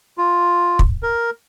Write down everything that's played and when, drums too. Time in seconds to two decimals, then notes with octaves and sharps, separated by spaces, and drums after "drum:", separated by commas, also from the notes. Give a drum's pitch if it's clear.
0.18 F4
0.79 drum: kick
1.03 A#4